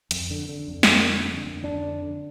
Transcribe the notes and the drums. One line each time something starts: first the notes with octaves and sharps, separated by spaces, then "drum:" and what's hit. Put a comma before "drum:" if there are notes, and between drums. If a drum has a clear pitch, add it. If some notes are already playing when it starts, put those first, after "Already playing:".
F2, drum: hi-hat
D3
D3
F2
A3, drum: snare
F2 A#3
D3
D3
F2
F2 D4
D3
D3